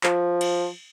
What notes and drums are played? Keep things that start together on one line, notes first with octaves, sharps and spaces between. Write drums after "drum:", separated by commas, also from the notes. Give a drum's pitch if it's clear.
F3, drum: clap
drum: cymbal